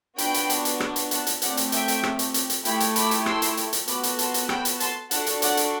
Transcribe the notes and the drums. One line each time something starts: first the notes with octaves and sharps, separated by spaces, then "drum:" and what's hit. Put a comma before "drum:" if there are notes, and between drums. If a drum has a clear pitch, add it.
B3 D4 F#4 G5 B5, drum: hi-hat
drum: hi-hat
drum: hi-hat
drum: hi-hat
drum: rim click
drum: hi-hat
F#5 A5, drum: hi-hat
drum: hi-hat
A3 C4 G4 D5 F#5, drum: hi-hat
drum: hi-hat
E5 G5, drum: hi-hat
drum: hi-hat
drum: rim click
drum: hi-hat
drum: hi-hat
drum: hi-hat
A3 E4 G4 G5 B5, drum: hi-hat
drum: hi-hat
B5 D6, drum: hi-hat
drum: hi-hat
C6 E6, drum: rim click
drum: hi-hat
drum: hi-hat
drum: hi-hat
B3 F#4 A4 B5 D6, drum: hi-hat
drum: hi-hat
A5 C6, drum: hi-hat
drum: hi-hat
G5 B5, drum: rim click
drum: hi-hat
A5 C6, drum: hi-hat
D4 F#4 A4 F#5 A5, drum: hi-hat
drum: hi-hat
D5 F#5, drum: hi-hat
drum: hi-hat